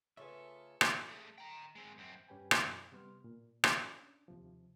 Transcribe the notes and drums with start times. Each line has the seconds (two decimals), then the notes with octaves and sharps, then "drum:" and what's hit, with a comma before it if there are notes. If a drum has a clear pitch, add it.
0.17 C#3 A3 F4 A4 B4 E5 G#5 C#6
0.81 drum: rim click
1.09 A3 G#4
1.38 G5 A#5
1.76 G#3 C4
1.98 F#2 C4
2.28 G2 C#4 G4 B4 G5 G#5
2.51 F#2 B2, drum: rim click
2.92 C3 G3 B3 C6 F6
3.24 A#2
3.64 C#4 D4, drum: rim click
4.28 D#2 C3 F3